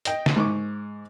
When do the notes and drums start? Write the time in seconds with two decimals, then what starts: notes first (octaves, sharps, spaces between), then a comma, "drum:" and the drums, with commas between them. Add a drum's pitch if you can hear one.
0.05 D#5 G5, drum: hi-hat
0.26 drum: snare
0.36 G#2 C#6 D6